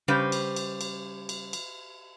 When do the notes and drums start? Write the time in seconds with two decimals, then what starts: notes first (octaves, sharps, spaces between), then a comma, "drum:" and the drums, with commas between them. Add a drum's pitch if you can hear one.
0.08 C#3 G3 B4 C5
0.32 drum: cymbal
0.56 drum: cymbal
0.81 drum: cymbal
1.29 drum: cymbal
1.53 drum: cymbal